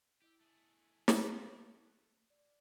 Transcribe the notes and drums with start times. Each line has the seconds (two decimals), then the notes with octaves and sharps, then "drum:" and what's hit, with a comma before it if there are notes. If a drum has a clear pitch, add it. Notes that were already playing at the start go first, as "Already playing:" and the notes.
0.22 E4 G4 D#5 E6
0.41 A3 G#4
1.08 drum: snare
1.84 C6 F#6
2.30 D5